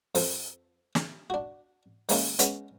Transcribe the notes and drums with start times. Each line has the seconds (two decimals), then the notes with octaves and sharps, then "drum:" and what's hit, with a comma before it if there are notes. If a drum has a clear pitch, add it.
0.15 F2 A4 C5, drum: open hi-hat
0.95 drum: snare
1.30 D4 F#4
2.09 D#3 G#3 A#3 C#4 D#4 E4, drum: open hi-hat
2.39 G#3 B3 C#4, drum: hi-hat